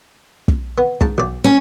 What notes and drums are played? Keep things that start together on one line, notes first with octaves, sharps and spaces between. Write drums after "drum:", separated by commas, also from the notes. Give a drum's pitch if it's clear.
drum: kick
B3
G#2 A5, drum: kick
B1 D5
C#4